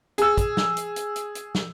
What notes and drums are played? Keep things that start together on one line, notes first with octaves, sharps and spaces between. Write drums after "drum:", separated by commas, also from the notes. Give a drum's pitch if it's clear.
G#4 E6, drum: hi-hat
drum: kick, hi-hat
drum: snare
drum: hi-hat
drum: hi-hat
drum: hi-hat
drum: hi-hat
drum: snare